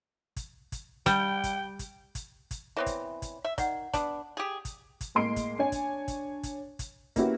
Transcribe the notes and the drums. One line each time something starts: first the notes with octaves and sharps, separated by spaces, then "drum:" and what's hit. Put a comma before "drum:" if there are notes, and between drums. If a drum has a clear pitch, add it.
drum: kick, hi-hat
drum: kick, hi-hat
G3 G5, drum: kick, hi-hat
drum: kick, hi-hat
drum: kick, hi-hat
drum: kick, hi-hat
drum: kick, hi-hat
E3 B3 C4 C#5 D5 E5
drum: kick, hi-hat
drum: kick, hi-hat
E5
D#3 D5 F#5, drum: kick, hi-hat
B3 D4, drum: kick, hi-hat
G4 G#4
drum: kick, hi-hat
drum: kick, hi-hat
A2 G#3 A#3 C6 D7
drum: kick, hi-hat
D4 C#5 G#5
drum: kick, hi-hat
drum: kick, hi-hat
drum: kick, hi-hat
drum: kick, hi-hat
A#3 B3 C#4 E4 F#4 G4, drum: kick, hi-hat